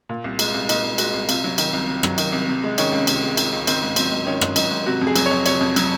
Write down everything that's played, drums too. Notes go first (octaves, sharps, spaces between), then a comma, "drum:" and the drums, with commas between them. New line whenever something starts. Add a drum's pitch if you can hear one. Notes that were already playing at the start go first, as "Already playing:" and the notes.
A#2
C2
G#3, drum: cymbal
C2
A#2 D#4, drum: cymbal
C2
G#3 F#4, drum: cymbal
C2
C3 F4, drum: cymbal
F#3
D#3, drum: cymbal
C2
C3
F#3, drum: rim click
D#3, drum: cymbal
C2
C3
G#3
D#3 C#4, drum: cymbal
C#2
C3, drum: cymbal
G#3
D#3, drum: cymbal
C#2
D#3 C4, drum: cymbal
G#2
F#3 C4, drum: cymbal
G#2
D#3 C#4
G#2, drum: rim click
F#3 D#4, drum: cymbal
G#2
C3 F#4
F2
G#4
F#3, drum: cymbal
C#5
F2
C3 C#5, drum: cymbal
F2
F#3, drum: cymbal